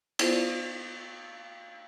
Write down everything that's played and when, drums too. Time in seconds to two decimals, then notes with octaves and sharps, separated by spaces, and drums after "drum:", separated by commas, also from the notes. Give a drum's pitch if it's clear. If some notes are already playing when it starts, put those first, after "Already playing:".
0.19 B3 E4 F4 C5, drum: cymbal